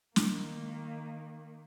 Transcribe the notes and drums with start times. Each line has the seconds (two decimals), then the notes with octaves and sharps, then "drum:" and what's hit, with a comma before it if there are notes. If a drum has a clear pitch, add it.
0.16 D#3 A#3, drum: snare